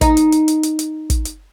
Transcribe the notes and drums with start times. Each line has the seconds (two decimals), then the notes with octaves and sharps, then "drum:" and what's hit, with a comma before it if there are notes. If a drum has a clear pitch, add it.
0.01 D#4, drum: kick, hi-hat
0.17 drum: hi-hat
0.32 drum: hi-hat
0.48 drum: hi-hat
0.63 drum: hi-hat
0.79 drum: hi-hat
1.10 drum: kick, hi-hat
1.25 drum: hi-hat